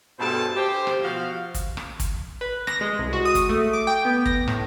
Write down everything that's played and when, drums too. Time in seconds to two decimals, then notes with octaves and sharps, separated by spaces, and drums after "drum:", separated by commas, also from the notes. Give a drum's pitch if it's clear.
0.19 G2 B2 A3 G#4 C5 A5
0.56 G4 C5
0.87 drum: rim click
1.02 B2 F3 F#4 F5
1.54 drum: kick, hi-hat
1.77 drum: rim click
2.00 drum: kick, hi-hat
2.41 B4
2.67 A#6, drum: rim click
2.81 G#3
2.99 C2
3.13 F#4
3.25 D#6
3.35 drum: kick, hi-hat
3.49 A3
3.73 D6
3.87 G5
4.05 B3
4.26 A#6, drum: kick
4.48 A2, drum: rim click